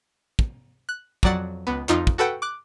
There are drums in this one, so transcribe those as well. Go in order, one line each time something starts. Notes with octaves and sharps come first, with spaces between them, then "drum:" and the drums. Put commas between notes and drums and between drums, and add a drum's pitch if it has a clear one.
drum: kick
F#6
F2 F#3 D5 F#5 A6, drum: kick
C#2 B3
F2 D#4 F4, drum: clap
drum: kick
F#4 A4 B4 F#5 G5
D6 F#6